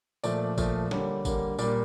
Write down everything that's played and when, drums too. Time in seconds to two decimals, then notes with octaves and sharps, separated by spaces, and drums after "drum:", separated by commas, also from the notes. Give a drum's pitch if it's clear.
0.24 A#2 F3 A3 D5, drum: tambourine
0.58 A#2 F3 A3, drum: kick, tambourine
0.91 D3 G3 A#3 C#5, drum: snare
1.25 D3 G3 A#3, drum: kick, tambourine
1.59 A#2 G3 A#3 D5, drum: tambourine